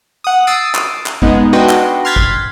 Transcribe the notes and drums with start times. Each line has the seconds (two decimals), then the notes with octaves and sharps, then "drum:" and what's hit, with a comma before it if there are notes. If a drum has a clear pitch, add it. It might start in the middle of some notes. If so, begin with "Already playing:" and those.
0.24 F#5 D#6
0.47 D#6 E6 A6 C7 D7 D#7
0.75 drum: clap
1.06 drum: clap
1.22 G#3 B3 D#4, drum: kick
1.53 D4 F#4 B4 D#5 G5 C6
1.69 drum: clap
2.05 C6 F6 F#6 G#6 A6 B6
2.16 drum: kick